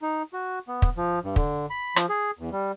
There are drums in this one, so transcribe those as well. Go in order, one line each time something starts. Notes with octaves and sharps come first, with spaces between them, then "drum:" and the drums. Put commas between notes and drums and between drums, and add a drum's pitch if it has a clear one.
D#4
F#4
B3
drum: kick
F3
G2
D3, drum: kick
B5
F3, drum: rim click
G#4
E2
G3